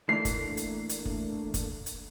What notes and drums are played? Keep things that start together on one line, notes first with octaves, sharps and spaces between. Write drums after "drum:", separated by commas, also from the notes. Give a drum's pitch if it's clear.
E3 A3 A#3 D4 C7
drum: kick, hi-hat
drum: hi-hat
drum: hi-hat
drum: kick
drum: kick, hi-hat
drum: hi-hat